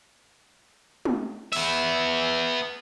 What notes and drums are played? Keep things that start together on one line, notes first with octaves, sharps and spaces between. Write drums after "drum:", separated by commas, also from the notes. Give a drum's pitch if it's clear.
drum: tom
B3 E5, drum: cymbal